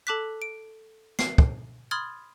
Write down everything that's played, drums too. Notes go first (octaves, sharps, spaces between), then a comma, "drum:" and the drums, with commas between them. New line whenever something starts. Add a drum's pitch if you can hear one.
A4 A5 D6 F#6 B6
D7
C7, drum: snare
drum: kick
B5 C6 D#6 F6 G#6 A6